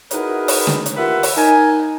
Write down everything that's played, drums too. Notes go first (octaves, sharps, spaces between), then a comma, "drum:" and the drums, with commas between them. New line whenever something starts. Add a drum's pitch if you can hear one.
D#4 E4 F#4 G#4 A#4 B4, drum: hi-hat
drum: open hi-hat
drum: snare
drum: hi-hat
F4 G4 A#4 B4 E5 F#5
drum: open hi-hat
D#4 A#4 G#5